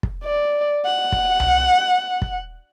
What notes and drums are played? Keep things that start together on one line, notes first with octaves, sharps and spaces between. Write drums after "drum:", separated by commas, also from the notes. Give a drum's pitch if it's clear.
drum: kick
D5
F#5
drum: kick
drum: tom C2
drum: kick